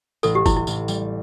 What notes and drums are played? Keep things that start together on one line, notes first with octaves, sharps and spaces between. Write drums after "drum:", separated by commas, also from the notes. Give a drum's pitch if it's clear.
A1 A4, drum: tambourine
G4
A1 E4, drum: kick, tambourine
E4
A1, drum: tambourine
G3, drum: tambourine